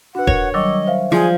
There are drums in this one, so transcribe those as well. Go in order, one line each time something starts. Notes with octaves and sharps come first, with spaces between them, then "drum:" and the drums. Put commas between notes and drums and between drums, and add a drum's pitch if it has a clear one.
D4 F#4 B4 F#5
A#4 C#5, drum: kick D#1
D#3 F#3 G3 D#5 C#6 D6 E6
C5 E5 F5
F3 G#4 D5